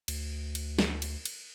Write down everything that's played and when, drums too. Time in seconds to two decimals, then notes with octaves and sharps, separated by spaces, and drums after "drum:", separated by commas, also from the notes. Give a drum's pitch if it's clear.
0.08 D2, drum: cymbal
0.55 drum: cymbal
0.79 drum: snare
1.02 drum: cymbal
1.25 drum: cymbal